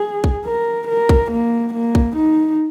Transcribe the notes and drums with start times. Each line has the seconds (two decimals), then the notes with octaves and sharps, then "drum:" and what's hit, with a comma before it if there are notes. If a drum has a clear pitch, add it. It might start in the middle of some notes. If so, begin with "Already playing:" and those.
Already playing: G#4
0.24 drum: kick
0.45 A#4
0.88 A#4
1.09 drum: kick
1.31 A#3
1.74 A#3
1.95 drum: kick
2.16 D#4